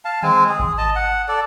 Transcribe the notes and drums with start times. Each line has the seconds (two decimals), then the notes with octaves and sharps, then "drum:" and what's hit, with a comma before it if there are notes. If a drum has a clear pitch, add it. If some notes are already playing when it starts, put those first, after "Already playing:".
0.05 F5 A5
0.23 G#3 C4 G#5, drum: tom D3
0.49 G#4
0.59 drum: kick G#1
0.78 D#5 A5
0.96 F#5
1.28 A4 D5